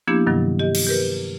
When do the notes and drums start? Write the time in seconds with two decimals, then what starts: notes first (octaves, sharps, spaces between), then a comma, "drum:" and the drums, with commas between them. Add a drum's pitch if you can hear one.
0.07 F3 A#3 B3 D4 E4 G4
0.27 G2 C3 D#3 F#3
0.59 G4 D#5
0.75 drum: cymbal
0.87 G4 A#4 B4